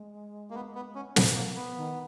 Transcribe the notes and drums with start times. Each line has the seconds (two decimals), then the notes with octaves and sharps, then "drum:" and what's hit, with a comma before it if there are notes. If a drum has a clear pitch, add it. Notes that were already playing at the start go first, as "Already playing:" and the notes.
Already playing: G#3
0.51 A#3
0.55 B3
0.75 B3
0.95 C#4
1.16 B3, drum: snare
1.36 A#3
1.56 B3
1.77 D#3